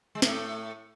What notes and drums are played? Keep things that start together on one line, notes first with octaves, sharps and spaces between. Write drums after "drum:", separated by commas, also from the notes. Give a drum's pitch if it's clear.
G#3
A2 A3, drum: snare